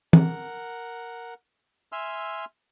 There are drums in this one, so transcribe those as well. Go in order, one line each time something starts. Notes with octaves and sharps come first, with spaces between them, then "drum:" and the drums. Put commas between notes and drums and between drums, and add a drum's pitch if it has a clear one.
A#4 F#5, drum: tom
E5 G#5 C6 E6 F6